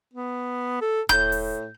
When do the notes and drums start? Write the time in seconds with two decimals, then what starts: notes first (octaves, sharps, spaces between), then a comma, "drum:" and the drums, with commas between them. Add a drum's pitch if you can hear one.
0.13 B3
0.81 A4
1.09 A2 G6, drum: kick E1
1.32 drum: open hi-hat